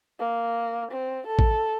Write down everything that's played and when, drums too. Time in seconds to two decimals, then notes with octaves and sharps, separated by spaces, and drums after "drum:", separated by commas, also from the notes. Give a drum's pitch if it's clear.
0.19 A#3
0.91 C4
1.26 A4
1.39 drum: kick A1